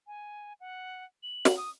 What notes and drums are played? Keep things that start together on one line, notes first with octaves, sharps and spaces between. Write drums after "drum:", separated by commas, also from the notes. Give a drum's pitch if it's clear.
G#5
F#5
F#7
drum: snare
D#6